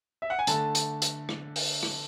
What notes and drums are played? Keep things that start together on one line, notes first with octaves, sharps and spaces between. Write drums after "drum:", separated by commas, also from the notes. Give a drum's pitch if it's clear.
E5
F#5
G#5
D3 A3 A5, drum: hi-hat
drum: hi-hat
drum: hi-hat
drum: rim click
drum: open hi-hat
drum: rim click